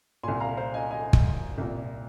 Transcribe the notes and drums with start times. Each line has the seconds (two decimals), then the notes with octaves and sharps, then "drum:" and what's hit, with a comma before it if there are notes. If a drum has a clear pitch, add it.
0.23 C2 A#2 G#5 C6
0.40 F5 A#5
0.57 C5 F5
0.74 D#5 G#5
0.91 D#5 G#5
1.13 drum: kick
1.58 C2 A#2